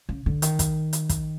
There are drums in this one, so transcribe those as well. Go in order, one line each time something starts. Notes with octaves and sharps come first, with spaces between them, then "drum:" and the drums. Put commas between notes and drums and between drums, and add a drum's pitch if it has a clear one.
C#3
D3
D#3, drum: hi-hat
drum: kick, hi-hat
drum: hi-hat
drum: kick, hi-hat